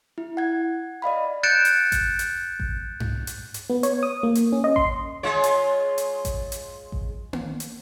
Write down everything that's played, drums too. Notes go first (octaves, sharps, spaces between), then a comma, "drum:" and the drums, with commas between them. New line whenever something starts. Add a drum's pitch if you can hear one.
E4
F#5 G#6
D5 D#5 F5 B5
F#6 G6 A6 C#7 D7 E7
drum: hi-hat
drum: kick A1, hi-hat
drum: hi-hat
drum: kick A1
drum: tom G2
drum: hi-hat
drum: hi-hat
B3
C#5, drum: hi-hat
D#6
A#3
drum: hi-hat
C#4
D#5
C6, drum: kick A1
G#3 F4 C#5
drum: hi-hat
drum: hi-hat
drum: kick A1, hi-hat
drum: hi-hat
drum: kick A1
drum: tom A#3
drum: hi-hat